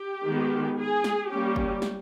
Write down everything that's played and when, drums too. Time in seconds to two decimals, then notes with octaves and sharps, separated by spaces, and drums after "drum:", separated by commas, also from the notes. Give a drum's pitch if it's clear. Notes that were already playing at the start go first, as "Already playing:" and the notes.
Already playing: G4
0.26 D#3 G#3 B3
0.78 G#4
1.04 drum: snare
1.30 G3 A#3 C#4 G4
1.56 drum: kick
1.82 drum: snare